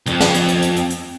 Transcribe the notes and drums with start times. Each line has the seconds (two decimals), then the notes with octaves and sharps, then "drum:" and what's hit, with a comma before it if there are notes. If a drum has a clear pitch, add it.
0.06 C2 F2, drum: hi-hat
0.20 drum: snare
0.34 drum: hi-hat
0.48 drum: hi-hat
0.62 drum: hi-hat
0.76 drum: hi-hat
0.90 drum: hi-hat